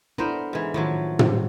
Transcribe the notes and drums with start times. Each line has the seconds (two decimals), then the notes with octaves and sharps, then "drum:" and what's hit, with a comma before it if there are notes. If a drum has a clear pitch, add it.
0.18 B3 D4 E4 A4 A#4 C5
0.53 G#2 E3
0.74 A2 D#3 F3 F#3
1.19 G3 G4 C5, drum: tom